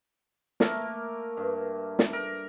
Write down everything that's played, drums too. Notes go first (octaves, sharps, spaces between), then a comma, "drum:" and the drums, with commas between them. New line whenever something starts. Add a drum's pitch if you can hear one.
A3 A#3 A#4, drum: snare
G2
drum: snare
A#4